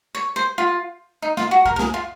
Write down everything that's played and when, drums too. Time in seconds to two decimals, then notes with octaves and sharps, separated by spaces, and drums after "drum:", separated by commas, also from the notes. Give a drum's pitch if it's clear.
0.15 C#5
0.36 C5
0.58 F4
1.22 D#4
1.37 F4, drum: snare
1.51 F#4
1.65 A#4, drum: kick C2
1.76 A#4
1.79 G#4, drum: snare
1.94 F4